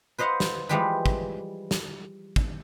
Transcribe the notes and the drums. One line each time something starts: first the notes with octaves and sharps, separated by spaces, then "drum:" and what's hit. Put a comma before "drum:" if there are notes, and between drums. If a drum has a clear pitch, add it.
B4 C5 D#5 F5 F#5
drum: snare
E3 F3 G3 G#3 G4 B4
drum: kick
drum: snare
drum: kick